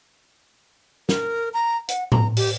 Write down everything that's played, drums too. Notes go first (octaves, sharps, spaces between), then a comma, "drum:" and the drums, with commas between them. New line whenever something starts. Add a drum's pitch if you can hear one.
A#4, drum: snare
A#5
F#5, drum: hi-hat
A#5, drum: tom A2
G4, drum: open hi-hat